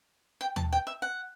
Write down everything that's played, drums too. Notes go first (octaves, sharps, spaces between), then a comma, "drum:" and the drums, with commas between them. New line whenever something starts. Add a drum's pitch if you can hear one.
G5
A5, drum: tom D#2
G5
E5
F#5